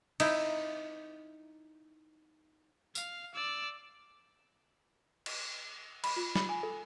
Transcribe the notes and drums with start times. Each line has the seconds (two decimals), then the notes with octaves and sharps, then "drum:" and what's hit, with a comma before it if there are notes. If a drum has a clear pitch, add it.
0.20 D#4 E4, drum: cymbal
2.95 F5, drum: tambourine
3.34 D5 E6
5.26 drum: cymbal
6.04 B5, drum: cymbal
6.16 F4
6.36 B5, drum: snare
6.49 G#5
6.63 A4